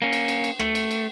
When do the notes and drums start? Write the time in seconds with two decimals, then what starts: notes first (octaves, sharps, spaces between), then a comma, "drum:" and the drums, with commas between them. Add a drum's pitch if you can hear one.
0.02 A#3 C#4
0.13 drum: cymbal
0.28 drum: cymbal
0.44 drum: cymbal
0.59 A3, drum: rim click
0.75 drum: cymbal
0.91 drum: cymbal